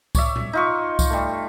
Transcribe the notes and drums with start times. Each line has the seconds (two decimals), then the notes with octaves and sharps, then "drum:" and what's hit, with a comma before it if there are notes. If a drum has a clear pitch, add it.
0.15 C#5 D5 E5, drum: kick C2, tambourine
0.36 drum: tom A#2
0.53 D#4 F4 C#6
0.99 drum: kick C2, tambourine
1.10 G3 A3